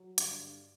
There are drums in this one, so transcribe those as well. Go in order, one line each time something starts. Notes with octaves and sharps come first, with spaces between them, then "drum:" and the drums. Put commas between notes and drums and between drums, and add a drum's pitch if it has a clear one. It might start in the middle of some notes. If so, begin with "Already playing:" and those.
Already playing: F#3
G2 D3, drum: hi-hat